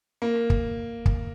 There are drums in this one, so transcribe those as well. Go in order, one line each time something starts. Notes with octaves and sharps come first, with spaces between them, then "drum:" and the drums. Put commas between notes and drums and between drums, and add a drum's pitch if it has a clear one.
A#3
drum: kick
drum: kick